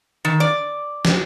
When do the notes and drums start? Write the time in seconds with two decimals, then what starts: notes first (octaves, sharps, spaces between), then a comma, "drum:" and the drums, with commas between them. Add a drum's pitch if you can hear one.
0.25 D#3
0.40 D5
1.05 drum: snare